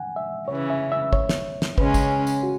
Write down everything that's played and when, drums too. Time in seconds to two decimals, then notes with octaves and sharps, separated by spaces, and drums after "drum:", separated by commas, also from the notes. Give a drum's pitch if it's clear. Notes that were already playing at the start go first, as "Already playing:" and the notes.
Already playing: F#5 G#5
0.16 E5
0.48 C#3 E3 C#4 C#5
0.70 E5
0.92 E5
1.13 C#5, drum: kick
1.29 drum: snare
1.62 drum: snare
1.78 C#3 G#3 C#4 B4, drum: kick
1.94 drum: kick, tambourine
2.27 drum: tambourine
2.43 F#4